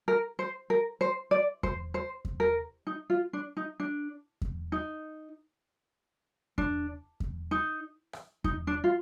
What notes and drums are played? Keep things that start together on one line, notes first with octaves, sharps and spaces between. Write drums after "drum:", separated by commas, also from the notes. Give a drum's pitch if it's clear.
A#4
C5
A#4
C5
D5
C5, drum: kick E2
C5
drum: kick E2
A#4
D#4
F4
D4
D#4
D4
drum: kick E2
D#4
D4, drum: kick E2
drum: kick E2
D#4
drum: rim click
D#4, drum: kick E2
D4
F4